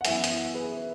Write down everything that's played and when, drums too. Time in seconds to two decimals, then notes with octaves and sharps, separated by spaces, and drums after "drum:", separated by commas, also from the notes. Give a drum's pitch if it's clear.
0.01 F#5
0.05 F#2 E3 B3 E4 E5 G#5, drum: hi-hat
0.24 drum: hi-hat
0.54 G#4 B4